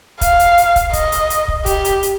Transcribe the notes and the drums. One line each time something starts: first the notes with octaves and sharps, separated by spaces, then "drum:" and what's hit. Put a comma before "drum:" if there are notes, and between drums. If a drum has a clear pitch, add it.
F5, drum: kick, hi-hat
drum: hi-hat
drum: hi-hat
drum: kick, hi-hat
D#5, drum: kick, hi-hat
drum: hi-hat
drum: hi-hat
drum: kick
G4, drum: kick, hi-hat
drum: hi-hat
drum: hi-hat